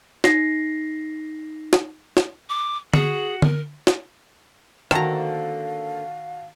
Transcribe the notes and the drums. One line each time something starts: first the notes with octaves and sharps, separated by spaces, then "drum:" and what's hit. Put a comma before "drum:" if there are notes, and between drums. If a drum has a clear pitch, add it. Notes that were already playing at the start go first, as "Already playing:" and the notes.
D#4 A#6 C7, drum: snare
drum: snare
drum: snare
D6
F#4 G#4, drum: tom D3
A#4, drum: tom D3
drum: snare
D3 D#3 A#3 C4 F#4 F5 A5 A#5, drum: rim click